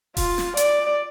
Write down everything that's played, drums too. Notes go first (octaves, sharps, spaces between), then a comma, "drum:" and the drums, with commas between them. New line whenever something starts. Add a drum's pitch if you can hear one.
F4, drum: kick D#1, open hi-hat
drum: snare
D5, drum: hi-hat